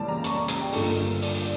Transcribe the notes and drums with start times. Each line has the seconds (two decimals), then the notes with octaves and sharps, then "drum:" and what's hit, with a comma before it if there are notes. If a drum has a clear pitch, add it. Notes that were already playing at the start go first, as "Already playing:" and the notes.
Already playing: C#2 C#3 E3 G3 A#3 D5 A5
0.08 A#5
0.24 C#6, drum: hi-hat
0.36 A#5
0.48 A#5, drum: hi-hat
0.60 G5
0.73 G1 G2 F3 A#3 A4, drum: open hi-hat
0.89 A#4
1.22 D5, drum: open hi-hat